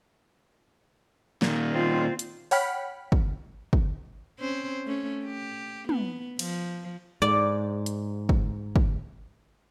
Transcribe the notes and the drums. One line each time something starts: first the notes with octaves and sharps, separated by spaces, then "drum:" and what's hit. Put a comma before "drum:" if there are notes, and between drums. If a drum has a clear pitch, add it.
A#2 D#3, drum: snare
C4 F4
drum: hi-hat
C#5 F#5 G5 B5 F6 B6, drum: open hi-hat
drum: kick
drum: kick
C4 C#4 C5
A3 C#4
G4
B3, drum: tom
F3, drum: cymbal
G#2 D5
drum: hi-hat
drum: kick
drum: kick